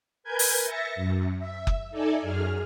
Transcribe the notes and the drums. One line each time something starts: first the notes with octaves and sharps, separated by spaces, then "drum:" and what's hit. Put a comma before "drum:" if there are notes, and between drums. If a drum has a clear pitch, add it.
A#4 B4 G#5 G6 G#6
drum: open hi-hat
E5 A6 A#6 C#7
F#2
E5
drum: kick F#1
D#4 A4 D5 E5 G#5
F#2 G#4 F6